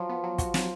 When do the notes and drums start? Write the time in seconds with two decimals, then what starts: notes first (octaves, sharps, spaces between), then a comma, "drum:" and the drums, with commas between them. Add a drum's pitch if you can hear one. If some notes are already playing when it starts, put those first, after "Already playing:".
Already playing: F3 F#3
0.09 B3
0.24 F#3
0.38 F#4, drum: kick, hi-hat
0.54 F#3, drum: snare